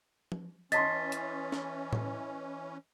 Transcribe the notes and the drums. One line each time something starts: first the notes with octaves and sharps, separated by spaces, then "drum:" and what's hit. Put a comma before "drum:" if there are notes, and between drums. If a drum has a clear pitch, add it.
drum: tom F3
E3 C#4 D#5 A5 C6 A6 B6, drum: hi-hat
drum: hi-hat
drum: snare
drum: tom A2